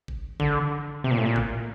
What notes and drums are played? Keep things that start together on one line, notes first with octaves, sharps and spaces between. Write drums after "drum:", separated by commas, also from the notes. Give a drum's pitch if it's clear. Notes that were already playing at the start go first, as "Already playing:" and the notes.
drum: kick G1
D3, drum: kick G1
C3
A#2
A2
A#2
drum: kick G1